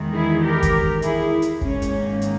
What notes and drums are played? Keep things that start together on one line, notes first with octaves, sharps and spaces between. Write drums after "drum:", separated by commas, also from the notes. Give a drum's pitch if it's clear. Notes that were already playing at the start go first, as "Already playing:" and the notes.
Already playing: E2 D#3 G#3
E4 G#4
G4 A#4
drum: kick, hi-hat
E4 G#4, drum: hi-hat
drum: hi-hat
G#2 D#3 A#3 C#4, drum: kick
drum: hi-hat
drum: hi-hat